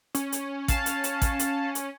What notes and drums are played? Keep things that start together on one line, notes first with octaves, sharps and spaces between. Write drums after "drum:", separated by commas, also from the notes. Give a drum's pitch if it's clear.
C#4, drum: hi-hat
drum: hi-hat
F5 A5, drum: kick A1, hi-hat
drum: hi-hat
drum: hi-hat
drum: kick A1, hi-hat
drum: hi-hat
drum: hi-hat